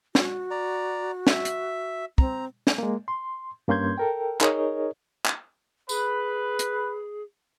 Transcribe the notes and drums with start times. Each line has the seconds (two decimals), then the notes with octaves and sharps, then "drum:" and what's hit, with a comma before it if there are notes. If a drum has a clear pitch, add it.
0.15 F#4, drum: snare
0.51 D5 A#5
1.27 E5, drum: snare
1.45 drum: hi-hat
2.18 C4 A#5, drum: kick
2.67 drum: snare
2.78 G#3 A#3
3.08 C6
3.68 G2 A#3 C#4 C6 G6 G#6
3.98 A4 A#4 G5
4.41 D#4 G#4 A#4 C#5 D#5, drum: clap
5.26 drum: clap
5.89 G#4 B4, drum: tambourine
6.59 drum: hi-hat